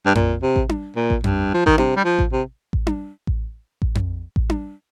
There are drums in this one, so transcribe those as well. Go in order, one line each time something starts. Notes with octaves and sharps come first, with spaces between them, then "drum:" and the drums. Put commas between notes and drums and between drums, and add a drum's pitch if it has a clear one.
G2
A#2, drum: tom F2
C3
drum: kick A1
drum: tom D4
A#2
drum: kick A1
G2, drum: tom F2
F3
D#3, drum: kick A1
C3, drum: tom D4
G3
F3
drum: kick A1
C3
drum: kick A1
drum: tom D4
drum: kick A1
drum: kick A1
drum: tom F2
drum: kick A1
drum: tom D4